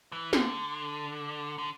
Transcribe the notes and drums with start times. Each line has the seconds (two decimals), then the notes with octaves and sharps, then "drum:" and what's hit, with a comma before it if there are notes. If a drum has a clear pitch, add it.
0.12 E3
0.33 D3, drum: snare
1.58 D3